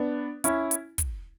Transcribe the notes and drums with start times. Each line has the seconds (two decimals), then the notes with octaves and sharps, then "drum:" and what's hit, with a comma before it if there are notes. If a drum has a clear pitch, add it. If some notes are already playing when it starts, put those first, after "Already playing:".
Already playing: B3 D4
0.44 C#4 E4, drum: hi-hat
0.71 drum: hi-hat
0.98 drum: kick, hi-hat